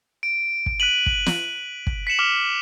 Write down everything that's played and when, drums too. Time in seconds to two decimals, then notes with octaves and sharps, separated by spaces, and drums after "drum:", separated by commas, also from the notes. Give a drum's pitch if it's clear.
0.23 D7
0.66 drum: kick
0.80 F#6 B6 D#7 F#7
1.06 drum: kick
1.26 drum: snare
1.87 drum: kick
2.07 B6 C#7 E7 F#7
2.19 D6 F6 E7